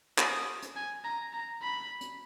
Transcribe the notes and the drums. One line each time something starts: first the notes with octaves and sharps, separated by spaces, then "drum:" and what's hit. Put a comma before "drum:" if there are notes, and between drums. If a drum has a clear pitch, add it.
D#6, drum: clap
drum: hi-hat
G#5
A#5
A#5
B5
drum: hi-hat